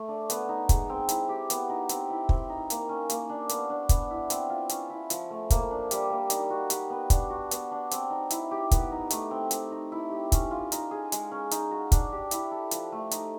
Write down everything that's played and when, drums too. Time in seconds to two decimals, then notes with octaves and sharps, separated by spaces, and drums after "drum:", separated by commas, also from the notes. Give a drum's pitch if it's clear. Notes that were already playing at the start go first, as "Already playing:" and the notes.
Already playing: A3
0.08 D4
0.30 B3, drum: hi-hat
0.49 D#4
0.69 G#3, drum: kick, hi-hat
0.89 C4
1.09 E4, drum: hi-hat
1.29 G4
1.50 B3, drum: hi-hat
1.69 D#4
1.89 C4, drum: hi-hat
2.10 E4
2.29 C4, drum: kick
2.49 D#4
2.70 A#3, drum: hi-hat
2.89 C#4
3.10 A#3, drum: hi-hat
3.29 D4
3.49 B3, drum: hi-hat
3.70 D4
3.89 B3, drum: kick, hi-hat
4.10 E4
4.30 C4, drum: hi-hat
4.50 F4
4.69 C#4, drum: hi-hat
4.90 E4
5.10 F3, drum: hi-hat
5.30 A3
5.50 A#3, drum: kick, hi-hat
5.71 D4
5.91 G3, drum: hi-hat
6.10 A#3
6.30 D#4, drum: hi-hat
6.50 F#4
6.70 G3, drum: hi-hat
6.90 B3
7.10 D4, drum: kick, hi-hat
7.30 F#4
7.51 B3, drum: hi-hat
7.71 D4
7.91 C4, drum: hi-hat
8.10 D#4
8.30 E4, drum: hi-hat
8.51 G4
8.71 B3, drum: kick, hi-hat
8.92 D#4
9.10 A3, drum: hi-hat
9.31 C4
9.51 C4, drum: hi-hat
9.72 D#4
9.92 E4
10.11 G4
10.32 C#4, drum: kick, hi-hat
10.51 F4
10.72 D#4, drum: hi-hat
10.91 G#4
11.12 G#3, drum: hi-hat
11.31 C#4
11.51 D#4, drum: hi-hat
11.71 F#4
11.92 D4, drum: kick, hi-hat
12.12 G4
12.31 E4, drum: hi-hat
12.51 A4
12.71 F3, drum: hi-hat
12.92 A3
13.11 D#4, drum: hi-hat